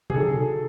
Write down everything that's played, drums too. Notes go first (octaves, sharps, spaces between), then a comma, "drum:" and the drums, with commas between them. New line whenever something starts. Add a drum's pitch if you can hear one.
G#4, drum: tom B2
D#3 F#3 A4